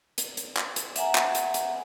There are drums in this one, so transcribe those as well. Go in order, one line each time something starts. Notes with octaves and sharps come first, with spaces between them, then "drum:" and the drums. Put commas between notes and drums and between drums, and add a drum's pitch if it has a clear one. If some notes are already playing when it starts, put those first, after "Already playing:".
drum: hi-hat
drum: hi-hat
drum: clap
drum: hi-hat
E5 F#5 G#5 A#5, drum: hi-hat
drum: clap
drum: hi-hat
drum: hi-hat